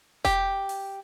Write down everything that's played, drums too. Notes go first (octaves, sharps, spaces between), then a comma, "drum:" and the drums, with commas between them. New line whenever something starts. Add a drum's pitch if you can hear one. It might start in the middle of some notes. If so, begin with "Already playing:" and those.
G4, drum: kick E1, hi-hat
drum: open hi-hat